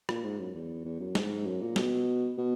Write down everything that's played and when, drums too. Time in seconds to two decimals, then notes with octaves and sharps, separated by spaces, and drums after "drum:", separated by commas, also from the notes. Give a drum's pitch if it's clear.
0.09 A#2, drum: rim click
0.24 G#2
0.39 F#2
0.55 E2
0.85 E2
1.00 F#2
1.15 G#2, drum: snare
1.46 F#2
1.61 A#2
1.76 B2, drum: snare
2.38 B2